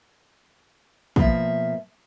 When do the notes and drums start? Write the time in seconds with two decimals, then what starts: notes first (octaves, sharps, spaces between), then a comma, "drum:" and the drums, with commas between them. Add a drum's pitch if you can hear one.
1.16 B2 F3 A#3 E5, drum: kick